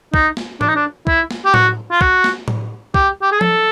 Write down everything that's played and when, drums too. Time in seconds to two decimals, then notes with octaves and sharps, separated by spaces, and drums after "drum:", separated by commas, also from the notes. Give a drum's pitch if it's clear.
0.14 D#4, drum: kick
0.37 drum: snare
0.61 D4, drum: tom
0.68 D#4
0.76 D4
1.07 E4, drum: kick
1.31 drum: snare
1.45 G4
1.54 F#4, drum: tom A2
1.91 F4
2.01 F#4, drum: kick
2.24 drum: snare
2.48 drum: tom A2
2.94 G4, drum: kick
3.22 G4
3.32 G#4
3.41 A4, drum: tom F3